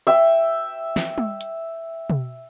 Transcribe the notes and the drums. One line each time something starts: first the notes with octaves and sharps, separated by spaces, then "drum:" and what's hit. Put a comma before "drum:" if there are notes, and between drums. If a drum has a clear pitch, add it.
E5 G5
drum: snare
drum: tom
drum: hi-hat
drum: tom